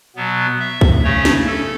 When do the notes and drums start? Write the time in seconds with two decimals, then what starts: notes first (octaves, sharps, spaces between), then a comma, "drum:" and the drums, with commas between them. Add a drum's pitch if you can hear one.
0.16 B2 F#3 B3
0.59 E5
0.81 drum: kick
1.04 C#3 A3 C#4 C#5
1.25 drum: snare
1.47 A4